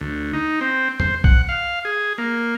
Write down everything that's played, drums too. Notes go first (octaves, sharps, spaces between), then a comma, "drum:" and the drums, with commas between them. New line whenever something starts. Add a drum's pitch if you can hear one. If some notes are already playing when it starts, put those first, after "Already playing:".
D2
D#4
C4
C5, drum: tom E2
F#5, drum: kick B1
F5
G#4
A#3